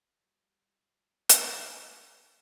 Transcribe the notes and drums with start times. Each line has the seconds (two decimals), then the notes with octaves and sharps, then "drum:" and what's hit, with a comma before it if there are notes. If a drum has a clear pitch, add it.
0.23 F#3 G3 F4
1.29 drum: hi-hat